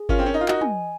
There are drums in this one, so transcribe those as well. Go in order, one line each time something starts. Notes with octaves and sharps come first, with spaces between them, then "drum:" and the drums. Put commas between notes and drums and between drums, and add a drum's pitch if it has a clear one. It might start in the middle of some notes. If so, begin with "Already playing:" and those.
Already playing: G#4
C#4 F4 A#4, drum: kick G1
C4
C#4
D#4 D#5
F4
D#4 F#4, drum: clap
G#5, drum: tom